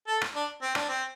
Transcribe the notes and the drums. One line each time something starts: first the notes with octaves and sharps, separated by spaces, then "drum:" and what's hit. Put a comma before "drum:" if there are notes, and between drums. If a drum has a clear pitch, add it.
A4
drum: rim click
D4
C4
D4, drum: rim click
C4